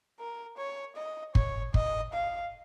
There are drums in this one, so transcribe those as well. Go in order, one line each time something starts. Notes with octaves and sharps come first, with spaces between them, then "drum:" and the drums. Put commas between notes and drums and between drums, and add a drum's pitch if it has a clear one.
A#4
C#5
D#5
C#5, drum: kick
D#5, drum: kick
F5